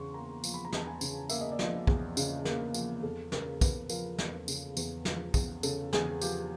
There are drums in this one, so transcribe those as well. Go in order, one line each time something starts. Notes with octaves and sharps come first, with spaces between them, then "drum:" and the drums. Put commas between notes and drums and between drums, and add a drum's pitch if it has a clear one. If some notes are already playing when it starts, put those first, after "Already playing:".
Already playing: E2 C#3 C6 C#6
A#3 A#5
F3, drum: tambourine
B5
A#5
E2 A5, drum: snare
G#5
C#3, drum: tambourine
A#3 E5, drum: tambourine
D#5
D5
F3 D#5, drum: snare
E2, drum: kick B1
C#3, drum: tambourine
A#3, drum: snare
F3, drum: tambourine
E2 A4
C#3 A#4, drum: snare
E2 B4, drum: kick B1, tambourine
F3 A#4, drum: tambourine
E2, drum: snare
C#3, drum: tambourine
E2, drum: tambourine
F3, drum: snare
E2, drum: kick B1, tambourine
C#3 A4, drum: tambourine
E2 G#4, drum: snare
G#4
F3 G4, drum: tambourine